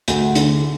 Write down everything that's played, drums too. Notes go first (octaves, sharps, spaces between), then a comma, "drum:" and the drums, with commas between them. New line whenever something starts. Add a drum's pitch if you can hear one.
D2, drum: hi-hat
D3, drum: hi-hat